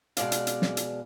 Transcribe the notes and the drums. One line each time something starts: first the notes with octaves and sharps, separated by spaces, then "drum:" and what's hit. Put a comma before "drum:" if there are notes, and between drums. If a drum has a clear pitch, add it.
B2 G#3 D5 F5, drum: hi-hat
drum: hi-hat
drum: hi-hat
drum: snare
drum: hi-hat